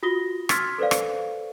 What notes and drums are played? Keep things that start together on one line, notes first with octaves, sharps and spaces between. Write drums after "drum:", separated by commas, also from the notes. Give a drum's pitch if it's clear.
F4 F#4 D#6 A#6 G7
C6 E6 F6 G#6 A6 B6, drum: rim click
A4 B4 C5 D5 F5
drum: rim click